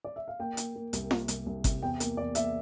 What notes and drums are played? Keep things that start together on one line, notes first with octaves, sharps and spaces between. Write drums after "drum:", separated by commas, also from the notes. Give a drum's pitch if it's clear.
D5
E5
F5
A#3 G5
A#3, drum: hi-hat
A#3
C2, drum: hi-hat
A#3, drum: snare
C2, drum: hi-hat
C2
C3, drum: kick G1, hi-hat
E2 G5
A#3, drum: hi-hat
E2 D5
A#3 E5, drum: hi-hat